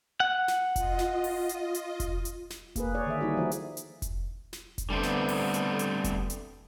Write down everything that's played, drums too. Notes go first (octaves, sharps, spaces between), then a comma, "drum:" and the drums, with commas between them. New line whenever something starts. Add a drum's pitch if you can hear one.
F#5
drum: snare
F4 D#5, drum: kick F1, hi-hat
drum: snare
drum: open hi-hat
drum: hi-hat
drum: hi-hat
drum: kick F1, hi-hat
drum: hi-hat
drum: snare
A#3 G#4 B4, drum: kick F1, hi-hat
G#4 C#5 D5
D3 D#3 E5
G3 A#3 D#4 E4 F#4 G#4
F3 A#3 E4 F#4
drum: hi-hat
drum: hi-hat
drum: kick F1, hi-hat
drum: snare
drum: kick F1, hi-hat
D3 G3 A3 B3 C4
drum: snare
drum: open hi-hat
drum: hi-hat
drum: hi-hat
drum: kick F1, hi-hat
drum: hi-hat